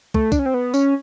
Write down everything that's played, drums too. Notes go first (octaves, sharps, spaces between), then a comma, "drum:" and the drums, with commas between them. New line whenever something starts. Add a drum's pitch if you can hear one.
A3, drum: kick
D4, drum: kick, tambourine
C#4
C4
B3
C#4, drum: tambourine